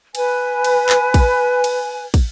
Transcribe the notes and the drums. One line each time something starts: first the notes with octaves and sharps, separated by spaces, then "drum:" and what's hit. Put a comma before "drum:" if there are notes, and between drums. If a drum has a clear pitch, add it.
B4 G#5, drum: cymbal
drum: cymbal
drum: clap
drum: kick, cymbal
drum: cymbal
drum: kick, cymbal